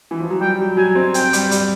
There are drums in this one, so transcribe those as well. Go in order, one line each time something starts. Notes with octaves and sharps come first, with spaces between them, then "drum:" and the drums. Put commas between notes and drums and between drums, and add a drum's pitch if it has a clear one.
E3
F3
F#3
G3 G5
F#3
F#3 G#5
C4
C4 G5, drum: hi-hat
G3, drum: hi-hat
G3, drum: hi-hat